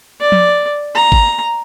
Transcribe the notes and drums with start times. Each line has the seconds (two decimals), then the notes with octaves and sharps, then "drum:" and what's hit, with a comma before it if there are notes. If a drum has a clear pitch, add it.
0.20 D5
0.32 drum: tom F3
0.95 A#5
1.12 drum: kick G#1